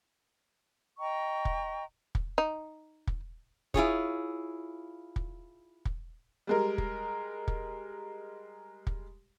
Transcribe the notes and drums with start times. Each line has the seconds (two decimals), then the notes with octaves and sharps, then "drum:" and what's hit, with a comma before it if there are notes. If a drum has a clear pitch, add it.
0.97 D#5 G5 A#5 C#6
1.45 drum: kick
2.15 drum: kick
2.38 D#4
3.07 drum: kick
3.74 E4 F4 G#4 C#5, drum: kick
5.16 drum: kick
5.85 drum: kick
6.47 G3 G#3 A#4
6.78 drum: kick
7.48 drum: kick
8.87 drum: kick